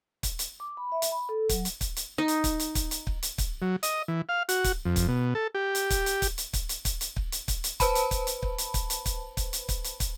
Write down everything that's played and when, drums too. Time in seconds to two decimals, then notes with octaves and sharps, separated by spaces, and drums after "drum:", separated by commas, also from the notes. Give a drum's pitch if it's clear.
0.23 drum: kick, hi-hat
0.39 drum: hi-hat
0.60 D6
0.77 B5
0.92 E5
1.02 drum: hi-hat
1.12 B5
1.29 A4
1.49 F#3, drum: kick, hi-hat
1.65 drum: hi-hat
1.81 drum: kick, hi-hat
1.96 drum: hi-hat
2.18 D#4
2.28 drum: hi-hat
2.44 drum: kick, hi-hat
2.60 drum: hi-hat
2.75 drum: kick, hi-hat
2.91 drum: hi-hat
3.07 drum: kick
3.23 drum: hi-hat
3.38 drum: kick, hi-hat
3.62 F#3
3.83 D#5, drum: hi-hat
4.08 E3
4.29 F5
4.49 F#4, drum: hi-hat
4.64 drum: kick, hi-hat
4.85 F2
4.96 drum: kick, hi-hat
5.08 B2
5.35 A4
5.55 G4
5.75 drum: hi-hat
5.90 drum: kick, hi-hat
6.06 drum: hi-hat
6.22 drum: kick, hi-hat
6.38 drum: hi-hat
6.53 drum: kick, hi-hat
6.69 drum: hi-hat
6.85 drum: kick, hi-hat
7.01 drum: hi-hat
7.16 drum: kick
7.32 drum: hi-hat
7.48 drum: kick, hi-hat
7.64 drum: hi-hat
7.80 B4 C5 A5 B5, drum: kick, hi-hat
7.95 drum: hi-hat
8.11 drum: kick, hi-hat
8.27 drum: hi-hat
8.43 drum: kick
8.58 drum: hi-hat
8.74 drum: kick, hi-hat
8.90 drum: hi-hat
9.06 drum: kick, hi-hat
9.37 drum: kick, hi-hat
9.53 drum: hi-hat
9.69 drum: kick, hi-hat
9.84 drum: hi-hat
10.00 drum: kick, hi-hat